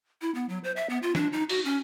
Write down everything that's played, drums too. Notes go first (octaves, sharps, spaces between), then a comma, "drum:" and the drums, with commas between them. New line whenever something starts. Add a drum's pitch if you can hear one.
E4
B3
F#3
C5
E5
B3
F4
D4, drum: snare
D#4
F#4, drum: open hi-hat
C#4